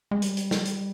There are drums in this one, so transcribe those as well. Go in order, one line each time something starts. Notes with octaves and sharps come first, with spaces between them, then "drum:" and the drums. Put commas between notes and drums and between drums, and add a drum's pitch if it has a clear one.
G#3
G3, drum: hi-hat
drum: hi-hat
drum: snare
drum: hi-hat